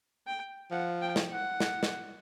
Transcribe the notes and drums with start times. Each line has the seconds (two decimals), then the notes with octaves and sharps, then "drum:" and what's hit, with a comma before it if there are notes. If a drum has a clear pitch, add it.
0.27 G5
0.71 F3 F#5
1.01 G5
1.16 drum: snare
1.31 F#5
1.60 drum: snare
1.83 drum: snare